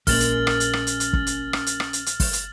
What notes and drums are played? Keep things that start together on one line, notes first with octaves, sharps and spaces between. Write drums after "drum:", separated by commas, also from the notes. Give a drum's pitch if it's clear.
A#1 G#3 A#3 C#4 F6 A6 F#7, drum: kick, open hi-hat
drum: hi-hat
drum: rim click
drum: hi-hat
drum: rim click
drum: hi-hat
drum: hi-hat
drum: kick
drum: hi-hat
drum: rim click
drum: hi-hat
drum: rim click
drum: hi-hat
drum: hi-hat
drum: kick, open hi-hat
drum: hi-hat